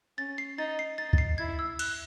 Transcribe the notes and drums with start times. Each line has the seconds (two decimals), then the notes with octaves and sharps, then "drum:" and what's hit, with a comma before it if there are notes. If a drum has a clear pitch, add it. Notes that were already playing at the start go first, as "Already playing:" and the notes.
0.18 C#4 A6
0.38 C7
0.58 D#4 A6
0.79 C7
0.98 D#4 A6
1.13 A6, drum: kick
1.18 C7
1.38 E4 G#6
1.59 E6
1.79 F#6, drum: cymbal